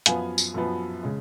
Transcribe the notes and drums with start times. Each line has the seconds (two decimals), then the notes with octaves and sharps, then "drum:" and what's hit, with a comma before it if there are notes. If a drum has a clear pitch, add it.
0.06 F#2 F3 B3 F5 G#5, drum: hi-hat
0.38 drum: tambourine
0.54 F#2 F3 B3
1.03 C#3 G#3